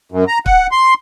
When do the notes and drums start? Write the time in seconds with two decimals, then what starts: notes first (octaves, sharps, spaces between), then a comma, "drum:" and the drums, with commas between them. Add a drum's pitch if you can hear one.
0.12 F#2
0.28 A#5
0.46 F#5, drum: kick
0.72 C6